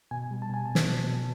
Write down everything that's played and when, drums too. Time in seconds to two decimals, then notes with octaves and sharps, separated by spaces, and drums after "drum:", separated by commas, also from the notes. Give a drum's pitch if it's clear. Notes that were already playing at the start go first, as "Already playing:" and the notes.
0.11 B2 G#5
0.31 G3
0.42 A5
0.49 B2 G#5
0.66 B2 A5
0.75 drum: snare
0.88 B2
1.07 B2